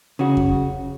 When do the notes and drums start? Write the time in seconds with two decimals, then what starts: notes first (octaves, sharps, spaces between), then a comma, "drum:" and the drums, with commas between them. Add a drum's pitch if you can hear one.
0.19 C#3 F#4
0.37 drum: kick F2